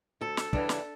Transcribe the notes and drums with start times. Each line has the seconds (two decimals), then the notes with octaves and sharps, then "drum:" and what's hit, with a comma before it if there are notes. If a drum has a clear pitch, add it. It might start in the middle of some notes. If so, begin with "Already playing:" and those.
0.21 D2 A4
0.37 drum: snare
0.53 C#3 E3 G3 D4, drum: kick
0.69 drum: snare